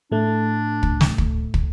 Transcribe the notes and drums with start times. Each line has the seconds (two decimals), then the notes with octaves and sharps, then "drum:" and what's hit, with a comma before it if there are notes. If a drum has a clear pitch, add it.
0.12 A2 A3 D4
0.83 drum: kick
1.01 drum: snare
1.18 drum: kick
1.54 drum: kick